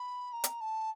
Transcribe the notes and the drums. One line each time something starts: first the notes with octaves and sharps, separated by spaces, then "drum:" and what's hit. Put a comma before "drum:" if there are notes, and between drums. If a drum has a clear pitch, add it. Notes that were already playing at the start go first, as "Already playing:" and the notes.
Already playing: B5
A#5
drum: hi-hat
A5